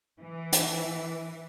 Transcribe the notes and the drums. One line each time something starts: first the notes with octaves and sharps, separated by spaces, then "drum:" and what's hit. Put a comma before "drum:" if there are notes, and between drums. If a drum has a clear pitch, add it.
E3
drum: hi-hat